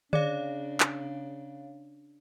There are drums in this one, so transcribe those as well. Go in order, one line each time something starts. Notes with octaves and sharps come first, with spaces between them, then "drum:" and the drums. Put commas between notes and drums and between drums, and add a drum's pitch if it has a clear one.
C#3 D4 G#4 C#5 D5 F5, drum: tom D3
drum: clap